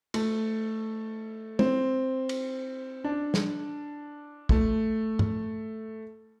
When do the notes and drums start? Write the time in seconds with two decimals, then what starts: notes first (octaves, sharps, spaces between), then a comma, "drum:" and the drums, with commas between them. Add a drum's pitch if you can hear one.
0.14 A3, drum: cymbal
1.59 C4, drum: tom
2.29 drum: cymbal
3.04 D4
3.34 drum: snare
4.49 A3, drum: kick
5.19 drum: tom G2